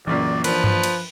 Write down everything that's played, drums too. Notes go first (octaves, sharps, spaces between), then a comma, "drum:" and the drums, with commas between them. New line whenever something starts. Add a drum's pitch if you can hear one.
C#2 F#2 A#2 E3 A#3 D5
F3 D4 A#4 B4, drum: cymbal
drum: tom G2
drum: cymbal